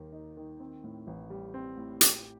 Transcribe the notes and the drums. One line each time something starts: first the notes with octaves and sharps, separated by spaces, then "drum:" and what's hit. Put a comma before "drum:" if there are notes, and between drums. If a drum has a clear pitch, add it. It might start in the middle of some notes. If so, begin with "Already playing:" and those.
Already playing: D#2 D#3 A#3
D#4
D#3
C4
A2
A1
G3
C4
A2
G4, drum: hi-hat